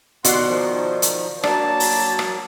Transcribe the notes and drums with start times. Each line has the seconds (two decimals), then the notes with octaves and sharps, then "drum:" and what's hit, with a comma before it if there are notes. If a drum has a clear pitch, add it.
0.24 D#2 B2 D5 F#5 C6, drum: hi-hat
0.47 D#3 F3
1.02 drum: hi-hat
1.43 F#3 A#3 D4 A5, drum: rim click
1.80 drum: open hi-hat
2.19 drum: rim click